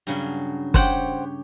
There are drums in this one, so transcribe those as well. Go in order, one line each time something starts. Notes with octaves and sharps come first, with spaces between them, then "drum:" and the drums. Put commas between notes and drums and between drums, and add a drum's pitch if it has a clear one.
G2 C#3 F#3
G4 C5 C#5 F#5 G5, drum: kick